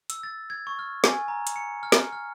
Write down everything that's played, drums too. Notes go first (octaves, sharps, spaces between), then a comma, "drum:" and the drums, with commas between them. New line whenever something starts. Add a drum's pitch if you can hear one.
E6, drum: hi-hat
A6
G#6
C#6
F6
G#5, drum: snare
A#5
drum: hi-hat
C#7
F6
drum: snare
F6